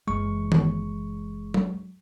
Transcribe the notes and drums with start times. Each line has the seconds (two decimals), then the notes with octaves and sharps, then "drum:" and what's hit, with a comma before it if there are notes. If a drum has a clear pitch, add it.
0.07 F#1 E3 G#3 C#6
0.52 drum: tom D#3
1.54 drum: tom F#3